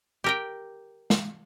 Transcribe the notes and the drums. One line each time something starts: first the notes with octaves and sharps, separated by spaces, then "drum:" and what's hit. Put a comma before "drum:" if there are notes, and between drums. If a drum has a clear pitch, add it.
G4 A#4 G5
drum: snare